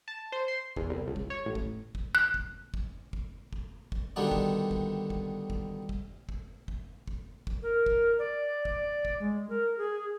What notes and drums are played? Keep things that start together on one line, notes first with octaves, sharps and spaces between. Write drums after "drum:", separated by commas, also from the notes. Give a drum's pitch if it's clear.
A5
C5
C6
E2, drum: kick
C2
C#2
drum: kick
C#5
A1
drum: kick
drum: kick
F#6
drum: kick
drum: kick
drum: kick
drum: kick
drum: kick
B2 D3 D#3 G3 B3 D4
drum: kick
drum: kick
drum: kick
drum: kick
drum: kick
drum: kick
drum: kick
drum: kick
drum: kick
A#4
drum: kick
D5
drum: kick
drum: kick
G#3
A#4
G#4